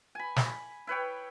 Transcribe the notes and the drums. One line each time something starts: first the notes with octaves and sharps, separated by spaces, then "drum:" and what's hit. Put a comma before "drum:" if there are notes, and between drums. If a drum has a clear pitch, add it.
G#5 B5
drum: snare
E4 B4 C#5 G5